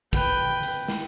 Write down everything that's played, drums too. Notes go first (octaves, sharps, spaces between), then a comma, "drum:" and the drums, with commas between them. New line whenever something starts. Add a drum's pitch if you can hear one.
B4 G5, drum: kick, hi-hat
drum: hi-hat
drum: snare